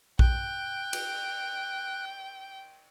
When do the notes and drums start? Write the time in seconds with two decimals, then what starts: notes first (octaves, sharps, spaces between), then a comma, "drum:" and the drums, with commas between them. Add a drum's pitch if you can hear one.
0.19 G5 F#6, drum: kick A#1
0.93 drum: cymbal